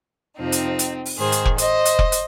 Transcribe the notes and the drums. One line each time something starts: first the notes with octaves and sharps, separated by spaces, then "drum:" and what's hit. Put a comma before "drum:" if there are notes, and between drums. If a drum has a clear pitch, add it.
F2 C3 F3 C4 D#4
drum: hi-hat
drum: hi-hat
drum: open hi-hat
G#2 D#3 G#4 C5
drum: hi-hat
drum: kick F1
C5 D#5, drum: hi-hat
drum: hi-hat
drum: kick F1
drum: hi-hat